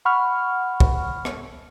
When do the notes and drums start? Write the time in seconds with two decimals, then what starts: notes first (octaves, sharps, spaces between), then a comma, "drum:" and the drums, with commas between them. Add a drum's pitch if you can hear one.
0.05 F#5 B5 C#6 F6
0.80 drum: kick
1.25 drum: rim click